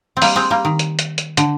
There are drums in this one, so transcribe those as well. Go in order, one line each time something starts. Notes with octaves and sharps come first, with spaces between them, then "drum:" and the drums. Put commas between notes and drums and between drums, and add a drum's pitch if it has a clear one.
C4
G3 A#3, drum: open hi-hat
G#3 C4
G3 A#3
D#3
drum: hi-hat
drum: hi-hat
drum: hi-hat
D3, drum: hi-hat